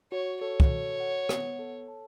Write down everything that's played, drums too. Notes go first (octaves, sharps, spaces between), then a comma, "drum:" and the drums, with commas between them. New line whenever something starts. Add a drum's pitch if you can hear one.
F#4 C#5
A4 C#5
drum: kick
F#4
F#5
B3, drum: rim click
A4
A5